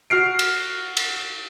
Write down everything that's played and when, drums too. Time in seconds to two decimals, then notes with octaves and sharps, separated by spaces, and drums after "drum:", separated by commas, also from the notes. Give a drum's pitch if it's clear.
0.10 F#4 F6 C7 D7
0.39 drum: cymbal
0.97 drum: cymbal